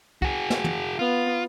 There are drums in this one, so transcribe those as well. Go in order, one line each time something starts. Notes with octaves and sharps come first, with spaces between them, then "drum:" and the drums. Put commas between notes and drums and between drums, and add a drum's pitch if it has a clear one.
F#4 G#4, drum: kick
drum: snare
drum: tom
B3 F4